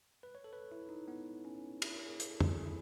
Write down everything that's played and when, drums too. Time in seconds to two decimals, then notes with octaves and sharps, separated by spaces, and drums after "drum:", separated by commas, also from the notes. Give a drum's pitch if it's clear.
0.23 B4
0.35 C#5
0.44 A4
0.53 B4
0.72 E4
0.89 D#4
1.08 B3
1.45 C#4
1.82 E4, drum: cymbal
2.06 G#4
2.20 drum: hi-hat
2.31 A4
2.41 drum: tom
2.55 G#4
2.66 E4